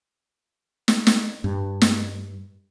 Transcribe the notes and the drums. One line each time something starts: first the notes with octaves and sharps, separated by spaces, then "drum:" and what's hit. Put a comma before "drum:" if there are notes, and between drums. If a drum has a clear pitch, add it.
drum: snare
drum: snare
G2
drum: snare